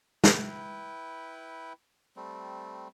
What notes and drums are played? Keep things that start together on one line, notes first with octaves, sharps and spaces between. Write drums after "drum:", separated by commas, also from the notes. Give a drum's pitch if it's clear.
E4 B4 G5, drum: snare
G3 A3 C4